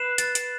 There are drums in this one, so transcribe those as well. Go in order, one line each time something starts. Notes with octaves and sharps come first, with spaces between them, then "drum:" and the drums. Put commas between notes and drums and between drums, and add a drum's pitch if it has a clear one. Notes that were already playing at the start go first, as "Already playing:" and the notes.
Already playing: B4 C7 E7
A6, drum: hi-hat
drum: hi-hat